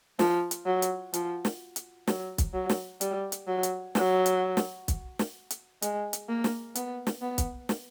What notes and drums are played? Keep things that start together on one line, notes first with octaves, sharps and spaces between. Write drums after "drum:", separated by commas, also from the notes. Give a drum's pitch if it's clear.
F3, drum: snare
drum: hi-hat
F#3
drum: hi-hat
F3, drum: hi-hat
drum: snare
drum: hi-hat
F#3, drum: snare
drum: kick, hi-hat
F#3
drum: snare
G3, drum: hi-hat
drum: hi-hat
F#3
drum: hi-hat
F#3, drum: snare
drum: hi-hat
drum: snare
drum: kick, hi-hat
drum: snare
drum: hi-hat
G#3, drum: hi-hat
drum: hi-hat
A#3
drum: snare
B3, drum: hi-hat
drum: snare
B3
drum: kick, hi-hat
drum: snare